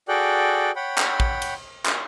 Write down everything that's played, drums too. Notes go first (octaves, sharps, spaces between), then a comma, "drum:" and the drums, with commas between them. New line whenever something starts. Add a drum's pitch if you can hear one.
F#4 G#4 A4 D5 G5 F#6
C#5 F#5 G5 B5
drum: clap
drum: kick
drum: cymbal
drum: clap